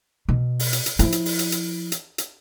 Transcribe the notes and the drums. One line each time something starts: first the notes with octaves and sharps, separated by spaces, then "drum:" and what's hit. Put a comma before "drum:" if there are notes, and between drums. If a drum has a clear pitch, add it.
B2
drum: open hi-hat
drum: hi-hat
drum: hi-hat
F3 E4, drum: hi-hat
drum: hi-hat
drum: open hi-hat
drum: hi-hat
drum: hi-hat
drum: hi-hat
drum: hi-hat